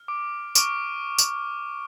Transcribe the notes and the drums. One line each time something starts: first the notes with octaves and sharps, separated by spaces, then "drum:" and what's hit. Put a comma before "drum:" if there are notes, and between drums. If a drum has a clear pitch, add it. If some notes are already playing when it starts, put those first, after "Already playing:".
Already playing: F6
D6 D7
C#6 D6 F6 D7, drum: tambourine
drum: tambourine